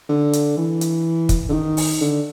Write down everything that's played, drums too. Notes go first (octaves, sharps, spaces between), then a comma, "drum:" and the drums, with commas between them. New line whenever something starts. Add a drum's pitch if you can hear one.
D3
drum: hi-hat
E3
drum: hi-hat
drum: kick, hi-hat
D3
D#3
drum: open hi-hat
D3